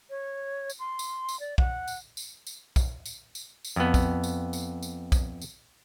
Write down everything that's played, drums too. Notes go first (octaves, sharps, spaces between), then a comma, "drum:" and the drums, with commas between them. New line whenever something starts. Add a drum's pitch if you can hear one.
C#5
drum: tambourine
C6
drum: tambourine
drum: tambourine
D5
F#5, drum: kick
drum: tambourine
drum: tambourine
drum: tambourine
drum: kick, tambourine
drum: tambourine
drum: tambourine
drum: tambourine
F2 B3
drum: kick, tambourine
drum: tambourine
drum: tambourine
drum: tambourine
drum: kick, tambourine
drum: tambourine